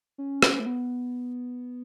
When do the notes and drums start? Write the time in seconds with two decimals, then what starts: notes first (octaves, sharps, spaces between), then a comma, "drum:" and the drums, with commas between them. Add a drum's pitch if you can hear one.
0.18 C#4
0.43 drum: rim click
0.60 A3
0.66 B3